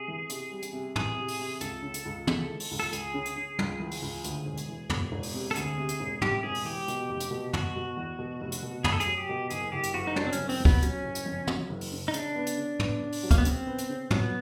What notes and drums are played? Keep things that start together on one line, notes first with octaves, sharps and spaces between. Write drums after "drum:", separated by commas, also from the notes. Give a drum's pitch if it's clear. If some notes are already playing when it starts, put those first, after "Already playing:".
Already playing: C3 G#4
E3
C3, drum: hi-hat
G3
drum: hi-hat
C3
E3 G#4, drum: tom
C3
drum: open hi-hat
C3
C#2 A4, drum: hi-hat
C#3
drum: hi-hat
C#2
G#3, drum: tom
E3
drum: open hi-hat
C#2
A4
C#2 G#4, drum: hi-hat
C#3
drum: hi-hat
C#3
C#2, drum: tom
E3
drum: open hi-hat
C#2
D2, drum: hi-hat
E1
drum: hi-hat
E3
E1, drum: tom
E1
drum: open hi-hat
C3
A4
D2 G#4, drum: hi-hat
C3
drum: hi-hat
E1
C3 G4, drum: tom
E1 G#4
drum: open hi-hat
E3 G4
B2, drum: hi-hat
F1
drum: hi-hat
B2
B2 F#4, drum: tom
B2
E2
B2
F1
drum: hi-hat
B2
F1 G#4, drum: tom
A4
G#4, drum: hi-hat
F#3
G4
B2
F#1 G#4, drum: hi-hat
F#1 G4
drum: hi-hat
F#1 F#4
D#4
F#3 D4, drum: tom
C4
C#4, drum: hi-hat
F#1
C4, drum: open hi-hat
F2
B3, drum: kick
F#3 C#4, drum: hi-hat
F#1
drum: hi-hat
F2
F#3, drum: tom
F#1
drum: open hi-hat
C#3
D#4
C#3 D4, drum: hi-hat
B3
drum: hi-hat
C#3
B3, drum: tom
C#3
drum: open hi-hat
F#3
A#3, drum: kick, hi-hat
B3
C#3 C4, drum: hi-hat
B3
drum: hi-hat
C#3
F#3 B3, drum: tom